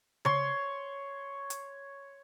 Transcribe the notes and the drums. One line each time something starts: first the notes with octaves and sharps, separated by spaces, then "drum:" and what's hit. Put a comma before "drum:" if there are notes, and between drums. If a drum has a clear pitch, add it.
C#5 C6, drum: tom C#3
drum: hi-hat